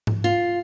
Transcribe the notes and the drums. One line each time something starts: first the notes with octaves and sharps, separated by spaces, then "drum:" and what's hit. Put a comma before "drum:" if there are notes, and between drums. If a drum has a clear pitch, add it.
drum: tom G#2
F4